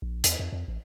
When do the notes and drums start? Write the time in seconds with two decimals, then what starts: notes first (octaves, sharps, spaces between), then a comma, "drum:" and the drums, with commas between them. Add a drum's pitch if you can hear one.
0.02 A#1
0.24 E2, drum: hi-hat
0.39 F2
0.52 F2
0.68 A1